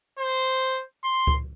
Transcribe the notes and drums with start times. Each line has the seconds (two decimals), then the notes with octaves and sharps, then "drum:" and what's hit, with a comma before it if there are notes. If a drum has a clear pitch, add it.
0.19 C5
1.04 C6
1.27 drum: kick C#2